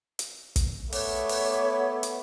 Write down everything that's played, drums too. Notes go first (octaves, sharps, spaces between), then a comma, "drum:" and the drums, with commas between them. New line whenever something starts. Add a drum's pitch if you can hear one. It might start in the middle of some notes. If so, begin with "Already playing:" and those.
drum: hi-hat
drum: kick, hi-hat
A3 B3 C#5 D6, drum: open hi-hat
drum: open hi-hat
drum: hi-hat